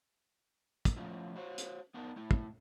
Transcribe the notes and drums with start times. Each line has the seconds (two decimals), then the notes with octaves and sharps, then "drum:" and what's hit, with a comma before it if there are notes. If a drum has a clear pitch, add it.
0.85 drum: kick, hi-hat
0.96 F3 A3 C#4 E4 F4
1.36 F#4 C5 C#5
1.58 drum: hi-hat
1.94 B3 D4 D#4 A#4
2.16 A3 E4
2.31 drum: kick